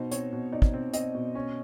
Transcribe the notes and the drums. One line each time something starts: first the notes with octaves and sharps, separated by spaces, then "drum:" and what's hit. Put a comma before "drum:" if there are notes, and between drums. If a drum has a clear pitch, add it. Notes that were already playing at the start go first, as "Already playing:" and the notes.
Already playing: B2 D#4 C5
C4 C#5, drum: hi-hat
B2
D#4 D5
drum: kick
C4
C4 D#5, drum: hi-hat
B2
C#4